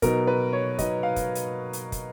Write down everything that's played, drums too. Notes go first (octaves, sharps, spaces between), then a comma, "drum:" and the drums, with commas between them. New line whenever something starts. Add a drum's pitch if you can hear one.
B2 F#3 B3 D#4 A#4, drum: kick, hi-hat
B4
C#5
B2 F#3 B3 D#4 D#5, drum: kick, hi-hat
F5
drum: kick, hi-hat
drum: hi-hat
drum: hi-hat
drum: kick, hi-hat